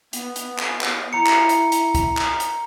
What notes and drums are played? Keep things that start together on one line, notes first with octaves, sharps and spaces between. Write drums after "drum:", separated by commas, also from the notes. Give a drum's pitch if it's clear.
B3, drum: hi-hat
drum: hi-hat
drum: clap
drum: clap
E4 A#5 C#7
drum: clap
drum: hi-hat
drum: hi-hat
drum: kick, hi-hat
drum: clap
drum: hi-hat